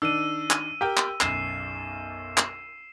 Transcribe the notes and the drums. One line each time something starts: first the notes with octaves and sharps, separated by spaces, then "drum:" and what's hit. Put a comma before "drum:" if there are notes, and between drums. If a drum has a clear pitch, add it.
D#3 D4 E6 D#7
drum: clap
G4 A#4 G5
drum: clap
B1 F#2 C7 E7, drum: clap
drum: clap